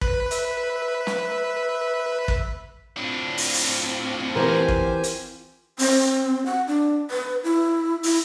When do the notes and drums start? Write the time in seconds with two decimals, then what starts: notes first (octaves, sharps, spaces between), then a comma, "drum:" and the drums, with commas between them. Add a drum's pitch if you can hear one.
0.01 B4, drum: kick
0.31 E5, drum: hi-hat
1.07 drum: snare
2.28 drum: kick
2.97 A2 C4 D4 F4
3.38 drum: open hi-hat
3.54 drum: open hi-hat
4.35 E3 G4 A#4 C5 G#5
4.68 drum: kick
5.04 drum: hi-hat
5.79 C4, drum: open hi-hat
6.46 F#5
6.67 D4
7.11 B4
7.44 E4
8.03 E4, drum: open hi-hat